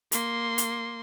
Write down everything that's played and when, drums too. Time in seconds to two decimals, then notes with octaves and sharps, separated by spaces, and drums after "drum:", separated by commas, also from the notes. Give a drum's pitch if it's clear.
0.12 A#3 C6, drum: hi-hat
0.58 drum: hi-hat